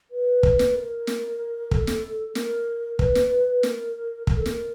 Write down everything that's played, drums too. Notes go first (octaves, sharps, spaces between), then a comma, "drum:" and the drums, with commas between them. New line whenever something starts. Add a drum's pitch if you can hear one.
B4
drum: kick
drum: snare
A#4
drum: snare
A4, drum: kick
drum: snare
A#4, drum: snare
B4, drum: kick
drum: snare
A#4, drum: snare
A#4, drum: kick
A4
A#4, drum: snare